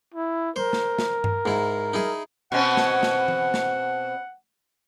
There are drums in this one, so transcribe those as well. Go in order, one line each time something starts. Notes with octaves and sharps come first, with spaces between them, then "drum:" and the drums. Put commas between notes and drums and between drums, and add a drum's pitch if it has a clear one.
E4
A#4 C5
drum: snare
drum: snare
drum: tom G2
G#2 E4
D#4 E4 G#4
B2 C4 C#4 F#5
drum: snare
drum: snare
drum: tom E3
drum: snare